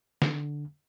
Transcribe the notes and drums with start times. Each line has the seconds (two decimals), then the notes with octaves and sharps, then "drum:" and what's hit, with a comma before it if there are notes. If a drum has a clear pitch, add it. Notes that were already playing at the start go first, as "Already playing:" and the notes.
0.22 D3, drum: snare